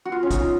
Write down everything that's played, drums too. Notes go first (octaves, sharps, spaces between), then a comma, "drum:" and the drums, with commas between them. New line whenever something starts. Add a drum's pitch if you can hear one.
F#4
F4
C#4
D#4, drum: kick, hi-hat